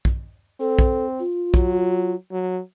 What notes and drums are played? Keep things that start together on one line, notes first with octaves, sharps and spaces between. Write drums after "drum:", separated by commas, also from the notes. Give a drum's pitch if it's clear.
drum: kick
C4 A4
drum: kick
F4
F#3, drum: kick
F#3